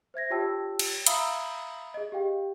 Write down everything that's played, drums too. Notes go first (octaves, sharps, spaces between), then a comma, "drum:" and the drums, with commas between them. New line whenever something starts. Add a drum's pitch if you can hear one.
C5 E5 G#6 A#6
F4 G4 C#5 G5 A5 E6
drum: cymbal
E5 F5 A#5 B5 D#6 E6, drum: hi-hat
G#4 D#5
G4 F5 G5